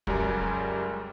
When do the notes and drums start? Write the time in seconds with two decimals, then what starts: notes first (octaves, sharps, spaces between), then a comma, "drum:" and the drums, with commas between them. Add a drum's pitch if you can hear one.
0.07 C#2 F#2 G3 G4 A#4 G#5, drum: kick